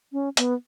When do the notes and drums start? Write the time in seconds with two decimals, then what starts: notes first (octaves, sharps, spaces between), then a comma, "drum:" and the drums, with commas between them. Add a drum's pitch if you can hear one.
0.12 C#4
0.37 B3, drum: hi-hat